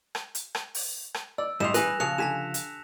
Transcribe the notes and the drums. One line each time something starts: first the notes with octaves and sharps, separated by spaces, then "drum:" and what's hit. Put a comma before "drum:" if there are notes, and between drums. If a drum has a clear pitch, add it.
drum: rim click
drum: hi-hat
drum: rim click
drum: open hi-hat
drum: rim click
D5 E6
A1 G3 D#5 C6 E7 F7
E3 G3 G#4 B4 F#6 A#6, drum: hi-hat
C#3 F3 G#4 F#6 C#7 F7
D3 G4 G#5 A5 B6 E7
drum: hi-hat